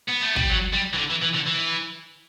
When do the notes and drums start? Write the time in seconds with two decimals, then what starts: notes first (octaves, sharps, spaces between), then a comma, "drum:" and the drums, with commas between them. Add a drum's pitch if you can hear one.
0.09 B3
0.22 A3
0.36 G3, drum: kick
0.50 F#3
0.73 G3
0.93 E3
0.98 D3
1.10 E3
1.22 E3
1.34 D3
1.46 E3